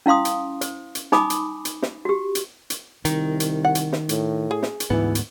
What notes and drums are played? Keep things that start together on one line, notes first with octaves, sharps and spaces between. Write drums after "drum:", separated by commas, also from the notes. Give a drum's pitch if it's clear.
C#4 E4 F5 C6 D#6
drum: hi-hat
C5, drum: hi-hat
drum: hi-hat
D#4 G#5 B5 D6 D#6, drum: snare
drum: hi-hat
drum: hi-hat
drum: snare
F#4 G4
drum: hi-hat
drum: hi-hat
C2 D#3, drum: hi-hat
drum: hi-hat
F#5
drum: hi-hat
drum: snare
A2, drum: hi-hat
G#4
drum: snare
drum: hi-hat
D2 G#2 E3 B3
drum: hi-hat